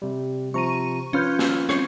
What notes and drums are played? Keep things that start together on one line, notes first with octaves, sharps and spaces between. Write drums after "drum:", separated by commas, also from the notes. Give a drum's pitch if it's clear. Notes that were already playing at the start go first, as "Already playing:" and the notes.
C3 G3
C3 F3 A#5 C#6 D#7
F3 C#4 F4 B4 F6 G6
drum: snare
C4 C#4, drum: rim click